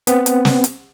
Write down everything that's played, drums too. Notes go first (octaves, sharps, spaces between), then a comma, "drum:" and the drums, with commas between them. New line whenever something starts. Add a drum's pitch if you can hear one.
B3 C4, drum: hi-hat
drum: hi-hat
drum: snare
drum: hi-hat